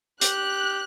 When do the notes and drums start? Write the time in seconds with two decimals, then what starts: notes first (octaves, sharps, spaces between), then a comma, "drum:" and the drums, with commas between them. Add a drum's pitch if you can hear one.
0.21 G4 F#6, drum: hi-hat